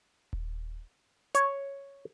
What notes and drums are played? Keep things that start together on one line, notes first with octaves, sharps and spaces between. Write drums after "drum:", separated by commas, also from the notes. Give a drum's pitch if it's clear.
drum: kick D#1
C#5, drum: hi-hat